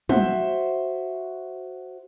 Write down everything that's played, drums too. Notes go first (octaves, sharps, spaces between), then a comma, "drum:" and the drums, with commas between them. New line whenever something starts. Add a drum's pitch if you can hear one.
F#4 C5 E5, drum: tom